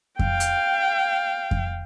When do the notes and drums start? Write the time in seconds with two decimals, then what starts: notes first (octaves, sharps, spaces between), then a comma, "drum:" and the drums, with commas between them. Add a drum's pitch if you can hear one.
0.19 F5 G5, drum: kick F2
0.40 drum: hi-hat
1.51 drum: kick F2